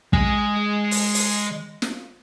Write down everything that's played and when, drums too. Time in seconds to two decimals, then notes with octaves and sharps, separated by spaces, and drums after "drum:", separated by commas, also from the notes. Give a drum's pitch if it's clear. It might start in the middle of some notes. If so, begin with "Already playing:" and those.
0.13 G#3 G#5, drum: kick
0.91 drum: open hi-hat
1.14 drum: open hi-hat
1.82 drum: snare